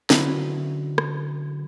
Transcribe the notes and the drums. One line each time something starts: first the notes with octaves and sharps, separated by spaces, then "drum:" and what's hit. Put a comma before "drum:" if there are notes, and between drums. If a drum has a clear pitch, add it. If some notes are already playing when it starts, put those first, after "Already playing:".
D3 F#3 C#4 E4 B4 C5, drum: snare
drum: rim click